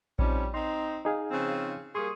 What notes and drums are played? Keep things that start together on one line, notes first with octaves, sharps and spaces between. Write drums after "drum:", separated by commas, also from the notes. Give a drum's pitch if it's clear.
F3 G3 C4 C#4 D#4, drum: kick A#1
C4 D#4 C6
D#4 G#4 F5
C#3 F3 C4
G3 A#3 G#4 C6 C#6 D#6